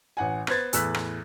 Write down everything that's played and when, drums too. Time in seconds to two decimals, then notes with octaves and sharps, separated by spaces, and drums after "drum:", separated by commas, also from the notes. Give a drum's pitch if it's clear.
0.17 A1 F#5 G#5
0.47 B3 B4 C5 G#6 A6, drum: rim click
0.73 E2 A2 E6 F#6 B6, drum: hi-hat
0.94 drum: rim click